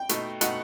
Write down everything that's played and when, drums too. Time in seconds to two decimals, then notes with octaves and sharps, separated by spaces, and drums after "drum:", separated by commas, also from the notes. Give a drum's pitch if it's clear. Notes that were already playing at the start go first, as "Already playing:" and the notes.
Already playing: G5
0.09 B2 A3 D#4, drum: hi-hat
0.41 B2 A3 D#4 F#5, drum: hi-hat